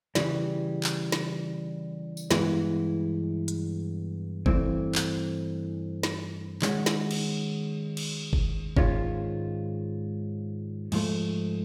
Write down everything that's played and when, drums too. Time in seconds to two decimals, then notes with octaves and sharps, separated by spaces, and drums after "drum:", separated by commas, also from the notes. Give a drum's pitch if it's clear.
0.15 C#3 E3 G3, drum: snare
0.84 drum: clap
1.12 drum: snare
2.17 drum: tambourine
2.31 G2 E3 G#3 B3 E4, drum: snare
3.48 drum: hi-hat
4.46 G2 E3 A3 C4, drum: kick G1
4.95 drum: clap
6.03 drum: snare
6.62 D#3 G#3 C#4 F#4, drum: clap
6.86 drum: snare
7.11 drum: cymbal
7.97 drum: cymbal
8.33 drum: kick G1
8.77 G#2 D#3 G#3 C#4 F4, drum: kick G1
10.92 G#2 F3 A3, drum: cymbal